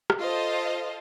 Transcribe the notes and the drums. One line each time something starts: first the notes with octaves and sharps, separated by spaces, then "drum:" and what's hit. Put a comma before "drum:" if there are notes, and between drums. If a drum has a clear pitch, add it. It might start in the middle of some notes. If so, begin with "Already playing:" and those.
drum: rim click
F4 A4 C5 D#5 F5